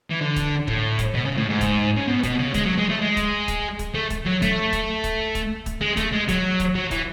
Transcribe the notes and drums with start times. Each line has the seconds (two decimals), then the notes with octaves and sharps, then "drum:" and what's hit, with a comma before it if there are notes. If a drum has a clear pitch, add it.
0.10 E3
0.21 D3
0.36 drum: kick, hi-hat
0.68 A2, drum: kick
0.99 drum: kick, hi-hat
1.15 B2
1.25 C#3
1.37 A2
1.49 G#2
1.61 drum: kick, hi-hat
1.96 C#3
2.07 B2
2.23 B2, drum: kick, hi-hat
2.39 C#3
2.54 G#3, drum: kick, hi-hat
2.65 F#3
2.78 G#3
2.89 A3
3.01 G#3
3.17 drum: kick, hi-hat
3.48 drum: kick, hi-hat
3.79 drum: kick, hi-hat
3.95 A3
4.10 drum: kick, hi-hat
4.26 F#3
4.42 A3, drum: kick, hi-hat
4.73 drum: kick, hi-hat
5.04 drum: kick, hi-hat
5.35 drum: kick, hi-hat
5.66 drum: kick, hi-hat
5.82 G#3
5.97 A3, drum: kick, hi-hat
6.13 G#3
6.28 F#3, drum: kick, hi-hat
6.60 drum: kick, hi-hat
6.75 F#3
6.91 E3, drum: kick, hi-hat